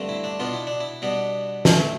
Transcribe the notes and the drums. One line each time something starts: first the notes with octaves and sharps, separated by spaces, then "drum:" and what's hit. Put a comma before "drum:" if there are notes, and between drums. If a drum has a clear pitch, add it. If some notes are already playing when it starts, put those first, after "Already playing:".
Already playing: G2 D3 A3 C4
E4
D4
B2 B3 D4 F4
E4
D4
E4
B2 G3 B3 D4
A1 A2 E3 A3, drum: snare